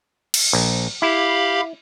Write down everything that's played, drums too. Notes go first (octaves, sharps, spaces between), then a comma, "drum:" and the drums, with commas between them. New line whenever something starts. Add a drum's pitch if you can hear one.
drum: cymbal
A#1
E4 G4 F5 B5